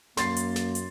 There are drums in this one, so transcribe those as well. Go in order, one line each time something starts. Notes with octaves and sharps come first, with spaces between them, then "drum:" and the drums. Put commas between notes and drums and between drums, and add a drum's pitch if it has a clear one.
F#2 A#3 C6 A6 C7, drum: snare
drum: hi-hat
drum: snare
drum: hi-hat